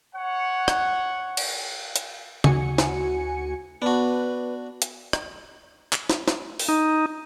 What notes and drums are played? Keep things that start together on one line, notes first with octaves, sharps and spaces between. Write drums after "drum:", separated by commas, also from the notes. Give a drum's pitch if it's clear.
C#5 F#5
drum: rim click
drum: cymbal
drum: hi-hat
D2 F#4 G#5 C#7, drum: tom C#3
drum: snare
B3 D4 F#4 B4 A5
drum: hi-hat
drum: rim click
drum: clap
drum: snare
drum: snare
drum: open hi-hat
D#4